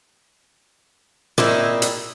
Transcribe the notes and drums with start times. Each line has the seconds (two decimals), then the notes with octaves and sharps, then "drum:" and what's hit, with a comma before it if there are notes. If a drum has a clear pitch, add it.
1.38 A#2 C4 D#4 E4, drum: tom
1.82 drum: hi-hat